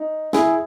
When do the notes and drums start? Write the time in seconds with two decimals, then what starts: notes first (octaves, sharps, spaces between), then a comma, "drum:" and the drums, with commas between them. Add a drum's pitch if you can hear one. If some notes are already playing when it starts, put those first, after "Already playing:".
Already playing: D#4
0.33 E4 G#4, drum: snare